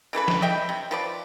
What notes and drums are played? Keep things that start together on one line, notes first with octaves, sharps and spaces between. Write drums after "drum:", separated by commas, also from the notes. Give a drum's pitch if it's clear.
C#3 E3 A3 B4
drum: snare
D#5 E5 G5
C3
F3 B4 D5